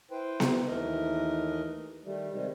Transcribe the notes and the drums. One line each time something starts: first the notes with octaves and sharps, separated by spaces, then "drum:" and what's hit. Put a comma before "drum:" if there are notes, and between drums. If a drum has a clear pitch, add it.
E4 B4 C5 G5
drum: snare B3
D#2 E3 A3 A#4 D#5
D#3 G3 A3
C3 D#3 G3 G#3